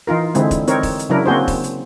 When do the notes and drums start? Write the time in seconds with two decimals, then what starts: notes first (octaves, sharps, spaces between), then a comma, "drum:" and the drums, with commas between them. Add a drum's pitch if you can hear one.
0.07 E3 D#4 F4 A#4
0.35 D3 G#3 C4 E4, drum: hi-hat
0.51 drum: kick E1, hi-hat
0.67 C4 D#4 A#4 C#5, drum: hi-hat
0.83 drum: kick E1, open hi-hat
0.99 drum: hi-hat
1.09 C#3 F#3 D4 E4 A#4
1.26 A#3 C4 F#4 G#4 C5
1.48 drum: kick E1, open hi-hat
1.64 drum: hi-hat